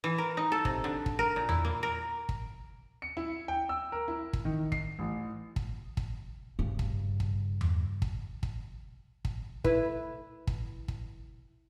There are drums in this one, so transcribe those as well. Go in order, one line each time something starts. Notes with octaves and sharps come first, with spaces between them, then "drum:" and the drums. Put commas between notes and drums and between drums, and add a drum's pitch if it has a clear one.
E3
A#4
D#4
A4
C3, drum: kick
D3
drum: kick
A#4
A#2
E4, drum: tom E2
A#3
A#4
drum: kick
C#7
E4
G5
E6
A#4
E4
drum: kick
D#3
C7, drum: kick
A1
drum: kick
drum: kick
G2 C#3
drum: kick
drum: kick
drum: tom E2
drum: kick
drum: kick
drum: kick
E4 B4, drum: kick
drum: kick
drum: kick